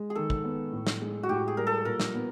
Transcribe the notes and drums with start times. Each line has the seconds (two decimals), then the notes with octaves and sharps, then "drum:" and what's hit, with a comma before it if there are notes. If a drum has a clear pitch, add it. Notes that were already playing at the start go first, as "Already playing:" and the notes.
Already playing: G#3
0.10 G#4
0.15 D#3 A4
0.30 drum: kick
0.44 B3
0.72 A2
0.87 drum: snare
1.01 G#3
1.23 F#4
1.29 A2 G4
1.48 G#4
1.57 G3 A#4
1.67 A4
1.85 A#2 A#4
2.00 drum: snare
2.14 B3